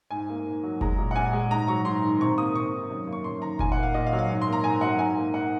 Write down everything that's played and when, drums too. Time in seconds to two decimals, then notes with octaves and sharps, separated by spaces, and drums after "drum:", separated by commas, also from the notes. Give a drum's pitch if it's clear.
0.11 G#2 G#5
0.29 A#3
0.46 G#2
0.63 F#3
0.81 G#3 A#5, drum: kick F#1
0.98 A#2
1.11 F#5
1.16 A#2 G#5
1.33 G#3
1.51 G#2 A#5
1.67 F#3 C#6
1.85 G#2 C6
2.02 D#3
2.20 C3 C#6
2.37 A#3 D#6
2.55 C3 C#6
2.73 D#3
2.89 F#2
3.07 A#3
3.13 C#6
3.24 F#2 C6
3.42 D#3 A#5
3.59 A#2 G#5, drum: kick F#1
3.72 F#5
3.78 A#3
3.83 F5
3.94 A#2 D#5
4.07 F5
4.13 F#3
4.18 F5
4.29 G#2
4.42 C6
4.48 A#3 A#5
4.64 G#2 G#5
4.81 F#3 F#5
4.99 G#2 G#5
5.17 A#3
5.34 G#2 F#5